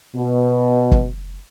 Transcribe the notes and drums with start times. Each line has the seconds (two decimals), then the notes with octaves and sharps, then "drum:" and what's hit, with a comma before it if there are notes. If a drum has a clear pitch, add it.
0.16 B2
0.91 drum: kick